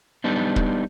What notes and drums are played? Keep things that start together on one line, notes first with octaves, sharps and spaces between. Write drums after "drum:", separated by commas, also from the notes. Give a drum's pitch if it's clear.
G3 B3 D4 D#4
drum: kick